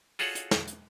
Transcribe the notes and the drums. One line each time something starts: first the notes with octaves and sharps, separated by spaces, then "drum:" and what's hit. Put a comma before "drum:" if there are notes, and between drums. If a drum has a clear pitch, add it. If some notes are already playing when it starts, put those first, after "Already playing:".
F4 F#4 G#4 A4 C#5 F#5, drum: open hi-hat
drum: hi-hat
drum: snare
drum: hi-hat